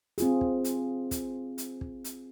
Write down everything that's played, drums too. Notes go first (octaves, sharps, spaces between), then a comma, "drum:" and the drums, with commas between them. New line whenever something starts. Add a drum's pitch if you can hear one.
C4 F4 G#4, drum: hi-hat
drum: kick
drum: hi-hat
drum: kick, hi-hat
drum: hi-hat
drum: kick
drum: hi-hat